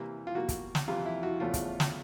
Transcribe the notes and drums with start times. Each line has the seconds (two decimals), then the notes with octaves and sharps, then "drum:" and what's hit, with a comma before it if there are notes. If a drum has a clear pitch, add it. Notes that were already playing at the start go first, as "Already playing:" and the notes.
Already playing: C3 E3 G3 A#3
0.27 F4
0.35 B2 G3 A#3 F#4
0.49 drum: kick, hi-hat
0.75 drum: snare
0.88 F2 C3 E3 G3 F4
1.06 E4
1.23 F#4
1.40 E2 C#3 F3 A3 F4
1.54 drum: kick, hi-hat
1.80 drum: snare